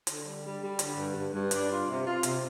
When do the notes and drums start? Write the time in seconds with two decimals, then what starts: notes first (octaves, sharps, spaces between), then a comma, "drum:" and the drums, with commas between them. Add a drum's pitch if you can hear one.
0.07 D3, drum: hi-hat
0.24 G3
0.42 G3
0.61 G3
0.79 D3, drum: hi-hat
0.96 G2
1.14 G2
1.32 G2
1.51 D4, drum: hi-hat
1.69 F4
1.87 C3
2.04 F4
2.23 C3, drum: hi-hat